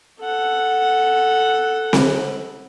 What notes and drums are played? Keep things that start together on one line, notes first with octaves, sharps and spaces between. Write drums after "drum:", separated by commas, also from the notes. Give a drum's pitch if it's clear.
A4 F#5
drum: snare C4